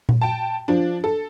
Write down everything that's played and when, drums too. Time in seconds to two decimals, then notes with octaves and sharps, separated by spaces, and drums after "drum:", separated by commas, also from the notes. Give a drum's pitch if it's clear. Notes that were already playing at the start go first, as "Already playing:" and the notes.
0.09 drum: tom A#2
0.21 G5 A5
0.68 F3 D4
1.04 A4